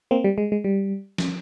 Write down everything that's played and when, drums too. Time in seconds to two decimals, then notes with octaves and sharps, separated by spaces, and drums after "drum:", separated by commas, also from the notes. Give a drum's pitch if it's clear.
0.11 A#3 C4
0.24 G3
0.38 G#3
0.52 G#3
0.64 G3
1.18 drum: snare